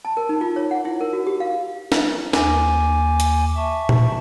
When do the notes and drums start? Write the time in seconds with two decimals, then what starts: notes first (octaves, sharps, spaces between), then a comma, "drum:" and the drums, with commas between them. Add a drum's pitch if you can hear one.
0.05 A5
0.17 A#4
0.29 D#4
0.41 F4
0.56 C#5
0.71 F#5
0.85 E4
1.01 A#4
1.13 F#4
1.27 G4
1.40 F5
1.92 drum: snare D4
2.33 D#2 G#5 D6, drum: snare D4
3.20 drum: hi-hat
3.56 E5 A5 C#6
3.89 drum: tom A#2